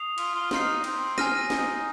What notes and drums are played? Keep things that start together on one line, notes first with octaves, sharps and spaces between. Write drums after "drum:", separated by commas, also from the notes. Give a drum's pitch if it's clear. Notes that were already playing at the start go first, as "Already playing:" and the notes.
Already playing: D#6 C7 F7
F4, drum: cymbal
F4
D#4 C6 F6 C7, drum: snare
C4, drum: cymbal
G#5 F6 A#6 D#7, drum: snare
D#4, drum: snare